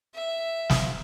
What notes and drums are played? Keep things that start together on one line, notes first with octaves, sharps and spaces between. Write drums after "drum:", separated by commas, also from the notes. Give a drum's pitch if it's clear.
E5
drum: snare